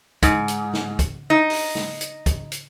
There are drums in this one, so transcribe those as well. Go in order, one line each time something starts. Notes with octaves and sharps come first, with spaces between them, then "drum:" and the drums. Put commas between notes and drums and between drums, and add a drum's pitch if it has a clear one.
G#2, drum: kick, hi-hat
drum: hi-hat
drum: snare
drum: kick, hi-hat
D#4
drum: open hi-hat
drum: snare
drum: hi-hat
drum: kick, hi-hat
drum: hi-hat